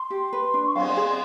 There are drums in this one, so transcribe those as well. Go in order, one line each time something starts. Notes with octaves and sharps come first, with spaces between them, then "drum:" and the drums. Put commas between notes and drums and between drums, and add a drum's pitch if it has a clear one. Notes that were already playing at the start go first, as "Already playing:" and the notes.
Already playing: C6
G4
B4
D4
C#6
F5 C6, drum: cymbal
G#4
C6